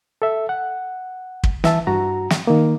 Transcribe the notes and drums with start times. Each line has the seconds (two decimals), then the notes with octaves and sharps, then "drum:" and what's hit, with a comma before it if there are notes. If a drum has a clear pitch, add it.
0.22 A4 E5
0.49 F#5
1.44 drum: kick
1.64 E3 E5 A5, drum: snare
1.87 G2 F#4 A#5
2.30 drum: snare
2.47 D#3 A#3